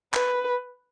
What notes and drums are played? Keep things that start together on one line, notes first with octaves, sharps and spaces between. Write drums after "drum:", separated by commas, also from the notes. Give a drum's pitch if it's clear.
B4, drum: clap